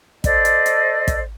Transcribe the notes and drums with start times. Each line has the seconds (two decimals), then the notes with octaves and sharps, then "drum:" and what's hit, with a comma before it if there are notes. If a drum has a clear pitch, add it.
0.24 A4 C5 D5 D#5, drum: kick, hi-hat
0.45 drum: hi-hat
0.66 drum: hi-hat
1.08 drum: kick, hi-hat